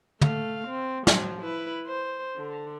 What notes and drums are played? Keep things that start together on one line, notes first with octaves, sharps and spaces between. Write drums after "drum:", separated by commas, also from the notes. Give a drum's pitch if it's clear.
A3 F5, drum: tom
C4
F3 F#3, drum: snare
E4 B4
C5
D3